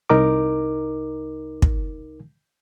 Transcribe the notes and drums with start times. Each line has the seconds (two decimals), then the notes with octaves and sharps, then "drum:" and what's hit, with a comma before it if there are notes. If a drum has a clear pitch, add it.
0.10 C2 D#4 A#4 D6
1.62 drum: kick